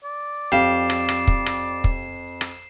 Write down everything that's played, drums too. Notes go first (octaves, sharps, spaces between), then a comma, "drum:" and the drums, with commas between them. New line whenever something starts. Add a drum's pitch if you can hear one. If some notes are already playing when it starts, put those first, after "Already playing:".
D5
F2 G4 F5 C7 E7
drum: rim click
drum: rim click
drum: kick
drum: rim click
drum: kick
drum: rim click